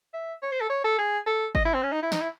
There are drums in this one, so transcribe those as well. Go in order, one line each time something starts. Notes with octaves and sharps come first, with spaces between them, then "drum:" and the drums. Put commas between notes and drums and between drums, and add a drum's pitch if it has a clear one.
E5
C#5
C5
A4
C#5
A4
G#4
A4
D#5, drum: kick G1
E4
C4
C#4
D#4
E4
D#4, drum: snare
E4